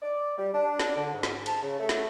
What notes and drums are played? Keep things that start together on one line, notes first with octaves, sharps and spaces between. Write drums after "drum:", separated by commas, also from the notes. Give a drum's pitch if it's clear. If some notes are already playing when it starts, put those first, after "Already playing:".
D5
G3
D4
D4, drum: snare
D3
G#2
drum: snare
A5, drum: cymbal
C#3
A3
drum: snare